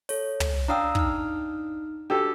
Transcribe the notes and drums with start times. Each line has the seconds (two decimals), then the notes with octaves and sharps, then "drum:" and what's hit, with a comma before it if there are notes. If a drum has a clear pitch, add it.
0.09 A4 C#5, drum: open hi-hat
0.40 drum: tom
0.68 D4 F5 G5 A#5 D#6 E6
0.95 D#4 F6, drum: kick
2.10 D4 F#4 G4 A4